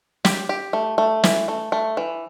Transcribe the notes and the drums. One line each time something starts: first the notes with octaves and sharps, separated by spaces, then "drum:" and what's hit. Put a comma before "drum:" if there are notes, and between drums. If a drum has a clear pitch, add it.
G4, drum: snare
G4
A3
A3
E3, drum: snare
A3
A3
E3